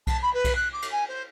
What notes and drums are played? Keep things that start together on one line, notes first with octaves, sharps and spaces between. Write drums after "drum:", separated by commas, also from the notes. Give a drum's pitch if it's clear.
A5, drum: kick B1, cymbal
B5
B4
drum: kick B1, cymbal
F#6
D6
drum: cymbal
G#5
C5